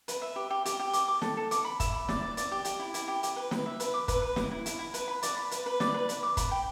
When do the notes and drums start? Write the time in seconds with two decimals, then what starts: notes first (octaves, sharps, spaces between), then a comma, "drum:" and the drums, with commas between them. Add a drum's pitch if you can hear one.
0.08 B4, drum: hi-hat
0.22 E5
0.36 G4
0.50 G4
0.65 G4, drum: hi-hat
0.79 G4
0.93 D6, drum: hi-hat
1.08 D6
1.22 A4, drum: snare
1.37 A4
1.51 D6, drum: hi-hat
1.65 B5
1.80 E5, drum: kick, hi-hat
1.94 B5
2.09 D5, drum: snare
2.22 D5
2.37 D5, drum: hi-hat
2.51 G4
2.65 G4, drum: hi-hat
2.79 E4
2.94 E4, drum: hi-hat
3.08 G4
3.23 G4, drum: hi-hat
3.36 B4
3.51 B4, drum: snare
3.66 E5
3.80 B4, drum: hi-hat
3.94 D6
4.08 B4, drum: kick, hi-hat
4.22 B4
4.36 E4, drum: snare
4.51 E4
4.66 E4, drum: hi-hat
4.79 E4
4.94 B4, drum: hi-hat
5.08 B5
5.23 D5, drum: hi-hat
5.36 B5
5.51 B4, drum: hi-hat
5.66 B4
5.80 D5, drum: snare
5.94 B4
6.09 B4, drum: hi-hat
6.23 D6
6.37 B5, drum: kick, hi-hat
6.51 G5